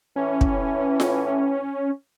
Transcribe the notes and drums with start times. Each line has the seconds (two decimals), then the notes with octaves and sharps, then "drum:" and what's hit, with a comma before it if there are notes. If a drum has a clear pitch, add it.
0.16 A2 E3 C#4
0.41 drum: kick
1.00 drum: snare F4